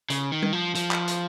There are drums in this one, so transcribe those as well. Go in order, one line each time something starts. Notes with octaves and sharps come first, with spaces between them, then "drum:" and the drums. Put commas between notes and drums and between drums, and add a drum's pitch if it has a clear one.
C#3, drum: hi-hat
D#3
drum: tom
F3
F3, drum: hi-hat
drum: clap
drum: hi-hat